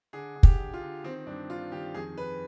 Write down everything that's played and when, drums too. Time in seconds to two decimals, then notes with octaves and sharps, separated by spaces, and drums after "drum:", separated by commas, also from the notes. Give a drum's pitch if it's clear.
0.13 D3 G#4
0.36 D3
0.43 G4, drum: kick
0.59 D3
0.74 F4
0.81 D3
1.04 D#3 C4
1.27 G2 D4
1.50 D#3 F4
1.72 D#3 G4
1.95 F2 G#4
2.17 D#3 B4